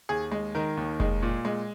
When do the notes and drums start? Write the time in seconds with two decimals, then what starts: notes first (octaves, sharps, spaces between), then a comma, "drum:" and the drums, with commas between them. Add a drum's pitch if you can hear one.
0.09 D#2 G#4
0.32 G#3
0.55 D#3 A#4
0.77 D#2
1.00 G#3, drum: kick F1
1.22 A#2
1.45 G#3